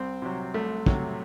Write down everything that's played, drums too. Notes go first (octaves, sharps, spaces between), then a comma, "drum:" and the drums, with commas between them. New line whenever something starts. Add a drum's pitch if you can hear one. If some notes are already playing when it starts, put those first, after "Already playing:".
Already playing: C2 C4
C3 F#3
C2 A3
C3 F#3, drum: kick